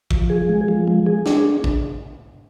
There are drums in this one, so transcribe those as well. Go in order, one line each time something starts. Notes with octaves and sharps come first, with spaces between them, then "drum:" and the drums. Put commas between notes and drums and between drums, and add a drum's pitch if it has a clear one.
F3, drum: kick
G#4
G#3
F3
G#3
G#4
D4, drum: snare
drum: kick